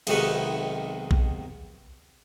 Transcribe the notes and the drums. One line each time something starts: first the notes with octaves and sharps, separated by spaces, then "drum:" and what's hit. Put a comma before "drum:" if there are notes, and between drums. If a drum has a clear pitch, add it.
B1 G#2 C3 D#3 B4 C#6, drum: cymbal
drum: kick A#1